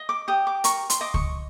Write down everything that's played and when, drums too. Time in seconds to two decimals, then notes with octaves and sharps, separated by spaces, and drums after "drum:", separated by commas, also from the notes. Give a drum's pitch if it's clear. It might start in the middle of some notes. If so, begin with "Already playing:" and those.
Already playing: D#5
0.09 D6
0.28 G4 D#6
0.47 D6
0.64 A#4 C#6, drum: hi-hat
0.90 C6, drum: hi-hat
1.01 D#5 D6
1.14 C#6, drum: kick C#2